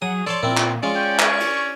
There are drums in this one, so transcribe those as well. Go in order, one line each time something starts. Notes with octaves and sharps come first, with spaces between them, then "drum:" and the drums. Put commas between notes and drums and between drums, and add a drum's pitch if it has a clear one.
F#3 G#4 D#6
A4 C#5 D5 A5 C6
A#2 C4 E4
drum: clap
G#3 C#4 F4 D5
C#4 G5
C#4 C#6, drum: clap
drum: cymbal